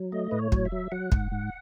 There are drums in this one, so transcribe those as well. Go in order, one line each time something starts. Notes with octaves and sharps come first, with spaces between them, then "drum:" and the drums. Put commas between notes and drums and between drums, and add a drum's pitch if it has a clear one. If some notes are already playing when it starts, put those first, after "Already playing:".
Already playing: F#3
A3 D#5
A2 B4
C#5
F#3, drum: kick
E5
F#3
F#3 F#5
G#2, drum: kick
G#2